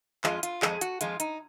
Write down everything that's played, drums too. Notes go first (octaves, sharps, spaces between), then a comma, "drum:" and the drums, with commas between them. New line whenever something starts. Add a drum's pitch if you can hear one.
F2 F3 G#3 F4, drum: clap
F4, drum: hi-hat
F2 F3 G#3 G#4, drum: clap
F#4, drum: hi-hat
F2 F3 G#3 F4, drum: hi-hat
D#4, drum: hi-hat